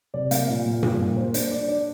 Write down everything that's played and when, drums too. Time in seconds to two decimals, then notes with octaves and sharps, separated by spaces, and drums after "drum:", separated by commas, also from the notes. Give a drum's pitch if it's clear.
0.14 C3 D5
0.31 A#3 F5, drum: hi-hat
0.48 A#2 F5
0.66 A#2
0.83 G2, drum: tom A#2
1.00 A#3
1.17 A#3 C5
1.34 D4, drum: hi-hat
1.51 D4 D5
1.68 D4